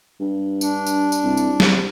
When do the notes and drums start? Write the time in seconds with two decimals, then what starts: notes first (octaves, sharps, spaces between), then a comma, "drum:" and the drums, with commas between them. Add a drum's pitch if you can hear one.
0.20 G2
0.61 D4, drum: tambourine
0.87 drum: tambourine
1.12 drum: tambourine
1.23 C2
1.37 drum: tambourine
1.60 C3, drum: snare